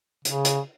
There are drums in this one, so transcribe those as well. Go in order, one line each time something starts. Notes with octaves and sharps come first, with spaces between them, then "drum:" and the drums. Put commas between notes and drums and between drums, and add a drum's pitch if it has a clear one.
C#3, drum: hi-hat
drum: hi-hat